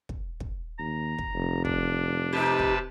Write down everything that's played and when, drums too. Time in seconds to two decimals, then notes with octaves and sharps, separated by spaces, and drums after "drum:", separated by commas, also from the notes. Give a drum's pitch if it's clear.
0.09 drum: kick
0.40 drum: kick
0.79 D#2 A#5
1.19 drum: kick
1.34 F1
1.65 D4, drum: kick
2.33 C3 D#4 G4 B4 A5
2.59 drum: kick